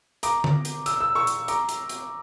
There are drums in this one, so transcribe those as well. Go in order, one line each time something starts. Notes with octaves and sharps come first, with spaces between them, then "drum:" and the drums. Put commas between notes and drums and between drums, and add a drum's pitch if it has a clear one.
A#5 D6, drum: hi-hat
drum: tom D3
drum: hi-hat
E6, drum: hi-hat
E6
C#6 E6
drum: hi-hat
A#5 D6, drum: hi-hat
drum: hi-hat
drum: hi-hat